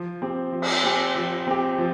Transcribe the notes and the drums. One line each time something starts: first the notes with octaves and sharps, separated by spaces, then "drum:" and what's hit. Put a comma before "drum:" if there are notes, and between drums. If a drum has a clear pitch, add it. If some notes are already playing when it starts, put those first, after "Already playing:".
Already playing: F3
C4 G4
F3
drum: cymbal
C4 G4
F3
C4 G4
F3